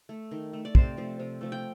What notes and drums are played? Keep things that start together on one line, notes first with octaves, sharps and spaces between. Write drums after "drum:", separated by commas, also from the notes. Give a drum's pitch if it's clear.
A3
D#3
A3
D5
C3 C5, drum: kick
F3 A3
C3
F3 A3
G5